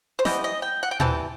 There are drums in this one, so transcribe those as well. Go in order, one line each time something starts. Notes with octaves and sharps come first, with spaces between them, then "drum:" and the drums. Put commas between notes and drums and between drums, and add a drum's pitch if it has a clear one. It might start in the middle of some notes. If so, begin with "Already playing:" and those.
C5
E3 G3 B3 D#5, drum: snare
D#5
G5
F#5
G5
E3 G3 C4 A5, drum: tom